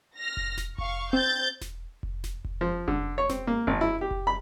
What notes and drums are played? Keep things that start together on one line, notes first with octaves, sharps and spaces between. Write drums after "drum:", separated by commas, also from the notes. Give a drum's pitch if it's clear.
F6 A#6
drum: kick F1
drum: snare E1
F5 C#6, drum: kick F1
C4 G6 A6
drum: snare E1
drum: kick F1
drum: snare E1
drum: kick F1
F3
D3, drum: kick F1
C#5
C4, drum: snare E1
A#3
G#1, drum: kick F1
E4
G4
drum: kick F1
B5